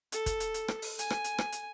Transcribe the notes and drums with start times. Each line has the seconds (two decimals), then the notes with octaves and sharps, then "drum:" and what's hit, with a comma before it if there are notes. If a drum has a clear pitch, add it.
0.12 A4, drum: hi-hat
0.26 drum: kick, hi-hat
0.40 drum: hi-hat
0.54 drum: hi-hat
0.68 drum: rim click
0.82 drum: open hi-hat
0.99 G#5, drum: hi-hat
1.10 drum: rim click
1.24 drum: hi-hat
1.38 drum: rim click
1.52 drum: hi-hat